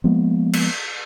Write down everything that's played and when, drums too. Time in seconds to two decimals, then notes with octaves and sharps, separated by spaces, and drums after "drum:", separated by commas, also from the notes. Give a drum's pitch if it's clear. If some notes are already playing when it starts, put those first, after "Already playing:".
0.04 F3 G#3 A#3 B3
0.53 drum: cymbal